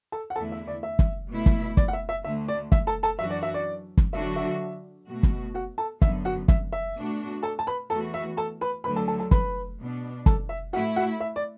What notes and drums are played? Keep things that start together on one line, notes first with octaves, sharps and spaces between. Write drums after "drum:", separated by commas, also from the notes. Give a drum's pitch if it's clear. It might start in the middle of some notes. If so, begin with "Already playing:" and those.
A4 A5
F#5
E2 D3 A3 E4 A4 A5
E5
D5
E5
drum: kick
B2 A3 E4
drum: kick
D5, drum: kick
F#5
E5
E5
D2 D3 A3 E5
D5
E5, drum: kick
A4 A5
A4 A5
F#2 E3 D4 F#4 E5
D5
E5
D5
drum: kick
D3 F#3 D4 F#4 E5
E5
B2 A3 F#4
drum: kick
F#4 F#5
A4 A5
F#2 D3 B3 E5, drum: kick
F#4 F#5
E5, drum: kick
E5
B2 A3 D4 F#4
A4 A5
A5
B4 B5
E2 E3 A3 F#4 A4 A5
E5
A4 A5
B4 B5
D2 D3 F#3 B4 B5
A4 A5
A4 A5
A4 A5
B4 B5, drum: kick
B2 B3 D4
A4 A5, drum: kick
E5
A2 A3 E4 F#4 F#5
F#4 F#5
E5
D5